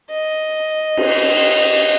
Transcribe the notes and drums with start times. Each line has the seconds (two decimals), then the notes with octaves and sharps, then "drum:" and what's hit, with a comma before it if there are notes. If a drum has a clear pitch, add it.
0.11 D#5
0.97 drum: cymbal